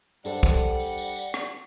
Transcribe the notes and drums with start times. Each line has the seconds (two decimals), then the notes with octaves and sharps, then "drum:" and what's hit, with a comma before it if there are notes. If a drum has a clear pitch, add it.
0.25 G3 D4 A4 C5 F#5, drum: tambourine
0.43 drum: kick, tambourine
0.79 drum: tambourine
0.98 drum: tambourine
1.16 drum: tambourine
1.34 drum: rim click